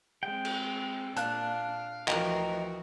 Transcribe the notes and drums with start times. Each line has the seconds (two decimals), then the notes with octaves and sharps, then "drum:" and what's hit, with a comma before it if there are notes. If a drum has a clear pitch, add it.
0.23 G#3 C4 G5
0.45 drum: cymbal
1.17 A#2 D4 F5 A5 F#6, drum: hi-hat
2.08 D2 E3 F3 F#4 A#4 D#5 G5 A#5, drum: clap